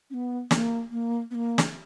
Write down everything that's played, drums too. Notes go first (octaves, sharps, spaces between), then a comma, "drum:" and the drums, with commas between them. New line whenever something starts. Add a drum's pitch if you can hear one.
C#4
B3
A#3, drum: snare
A#3
B3
A#3
drum: snare